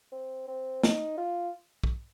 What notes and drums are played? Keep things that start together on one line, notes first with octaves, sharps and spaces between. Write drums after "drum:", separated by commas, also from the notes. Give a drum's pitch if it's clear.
C4
C4
D#4, drum: snare
F4
drum: kick